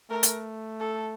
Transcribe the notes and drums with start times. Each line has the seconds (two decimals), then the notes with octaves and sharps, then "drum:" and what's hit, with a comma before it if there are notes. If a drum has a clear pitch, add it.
0.10 A3 A#4
0.23 drum: hi-hat
0.80 A4